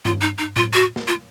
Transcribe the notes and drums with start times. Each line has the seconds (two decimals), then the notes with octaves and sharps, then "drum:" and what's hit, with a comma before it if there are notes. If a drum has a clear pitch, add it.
0.05 F4, drum: tom G2
0.21 D#4
0.39 D#4
0.56 F4, drum: tom A2
0.74 F#4
0.96 drum: snare
1.07 F4